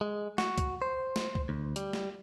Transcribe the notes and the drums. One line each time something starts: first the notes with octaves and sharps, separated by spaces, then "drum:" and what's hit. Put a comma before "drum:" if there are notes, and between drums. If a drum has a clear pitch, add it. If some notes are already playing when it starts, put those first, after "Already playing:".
G#3
F#4, drum: snare
drum: kick, hi-hat
C5
drum: snare
drum: kick
D2
G3, drum: hi-hat
drum: snare